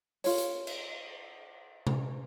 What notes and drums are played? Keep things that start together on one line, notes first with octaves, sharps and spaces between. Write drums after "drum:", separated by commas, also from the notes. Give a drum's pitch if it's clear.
F4 C#5, drum: open hi-hat
drum: hi-hat
drum: cymbal
drum: tom C3